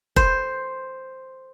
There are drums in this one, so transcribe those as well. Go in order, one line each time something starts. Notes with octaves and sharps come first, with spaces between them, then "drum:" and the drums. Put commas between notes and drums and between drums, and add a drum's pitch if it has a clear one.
C5, drum: kick F1